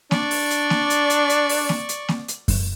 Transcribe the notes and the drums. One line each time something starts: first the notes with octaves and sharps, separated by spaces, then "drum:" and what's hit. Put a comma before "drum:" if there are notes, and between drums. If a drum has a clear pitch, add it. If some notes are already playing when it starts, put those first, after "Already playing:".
D4 D5 C#6, drum: snare A#3
drum: open hi-hat
drum: hi-hat
drum: snare A#3
drum: hi-hat
drum: hi-hat
drum: hi-hat
drum: open hi-hat
drum: snare A#3
drum: hi-hat
drum: snare A#3
drum: hi-hat
drum: kick F#2, open hi-hat